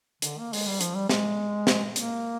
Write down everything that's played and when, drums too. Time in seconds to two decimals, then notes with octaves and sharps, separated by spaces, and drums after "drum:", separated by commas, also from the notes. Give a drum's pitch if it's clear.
0.22 D3, drum: hi-hat
0.39 A#3
0.53 G#3, drum: open hi-hat
0.67 G3
0.81 F3, drum: hi-hat
0.95 G3
1.09 G#3, drum: snare
1.67 drum: snare
1.96 A#3, drum: hi-hat